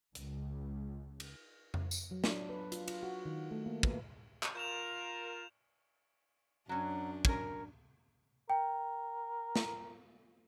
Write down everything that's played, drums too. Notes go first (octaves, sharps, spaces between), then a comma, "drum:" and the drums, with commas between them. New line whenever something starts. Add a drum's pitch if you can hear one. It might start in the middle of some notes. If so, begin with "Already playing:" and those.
C#2, drum: hi-hat
drum: cymbal
drum: tom F2
drum: tambourine
F#3
D4, drum: snare
B4
F4, drum: hi-hat
F4, drum: cymbal
F#4
D#3
A3
A#3
B3, drum: kick
drum: clap
F4 A#4 G6 E7 F7
F#2 F#3 C#4 D4
C#4 A#4, drum: kick
A#4 G5
drum: snare